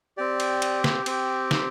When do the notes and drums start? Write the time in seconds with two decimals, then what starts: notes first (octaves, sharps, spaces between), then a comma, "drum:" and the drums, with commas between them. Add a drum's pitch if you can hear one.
0.17 C4 G4 D5
0.40 drum: cymbal
0.62 drum: cymbal
0.84 drum: snare
1.06 C4 G4, drum: cymbal
1.51 drum: snare